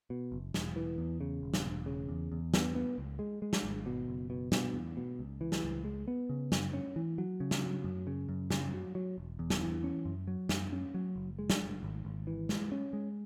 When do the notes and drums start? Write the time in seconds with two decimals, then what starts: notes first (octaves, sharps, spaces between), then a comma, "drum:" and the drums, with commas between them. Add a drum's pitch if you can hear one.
0.10 B2
0.32 F#1
0.54 E1, drum: snare
0.76 E3
0.98 E2
1.21 C#3
1.43 E1
1.54 drum: snare
1.65 E1
1.86 C#3
2.09 E2
2.32 E2
2.54 B3, drum: snare
2.75 B3
2.98 C#2
3.19 G#3
3.42 G#3
3.53 drum: snare
3.63 G#1
3.86 B2
4.08 F#1
4.30 B2
4.52 B2, drum: snare
4.74 E2
4.97 B2
5.19 C#2
5.41 E3
5.52 drum: snare
5.64 C#2
5.85 G#3
6.08 B3
6.29 C#3
6.52 F#2, drum: snare
6.73 C#4
6.96 E3
7.18 F#3
7.40 C#3
7.51 drum: snare
7.63 F#3
7.84 F#2
8.07 C#3
8.29 F#2
8.51 C#3, drum: snare
8.73 F#3
8.95 F#3
9.18 E1
9.39 E2
9.50 drum: snare
9.61 E3
9.84 C#4
10.05 F#2
10.27 F#3
10.49 F#2, drum: snare
10.72 C#4
10.94 F#3
11.16 F#1
11.39 G#3
11.50 drum: snare
11.61 F#1
11.83 G#1
12.05 G#1
12.27 E3
12.49 G#3, drum: snare
12.72 C#4
12.93 G#3